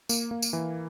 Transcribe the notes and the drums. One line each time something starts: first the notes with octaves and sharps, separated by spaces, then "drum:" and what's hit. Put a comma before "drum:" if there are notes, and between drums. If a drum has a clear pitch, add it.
A#3, drum: tambourine
A#3
drum: tambourine
E3